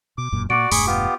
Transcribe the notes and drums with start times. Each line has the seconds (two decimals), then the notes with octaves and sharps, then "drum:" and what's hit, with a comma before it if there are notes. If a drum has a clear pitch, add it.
0.18 B2 D6
0.32 E1 F#2 A#2
0.50 A#2 G3 A#3 F#4 D5 D6 C#7 D7
0.72 E1 G2 A3 G#4 B5 C#6, drum: open hi-hat
0.87 B3 F4 G4